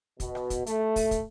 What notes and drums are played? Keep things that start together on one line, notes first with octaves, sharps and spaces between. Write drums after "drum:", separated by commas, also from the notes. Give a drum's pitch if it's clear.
B2, drum: kick, hi-hat
drum: rim click
drum: kick, hi-hat
A3, drum: hi-hat
drum: kick, open hi-hat
drum: kick, hi-hat